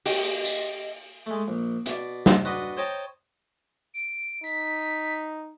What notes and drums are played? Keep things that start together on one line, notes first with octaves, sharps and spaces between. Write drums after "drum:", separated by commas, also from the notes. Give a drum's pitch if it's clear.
G4 D#5, drum: open hi-hat
drum: tambourine
G#3 A3
A#1
B2 D5, drum: hi-hat
drum: snare
D4 F#4 B4 D#5 F#5 C6
C5 C#5 D#5 G5 A5 A#5
D7
D#4 B6